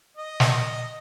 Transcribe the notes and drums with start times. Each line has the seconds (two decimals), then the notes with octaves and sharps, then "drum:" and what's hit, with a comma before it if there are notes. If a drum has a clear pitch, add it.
0.17 D#5
0.40 drum: snare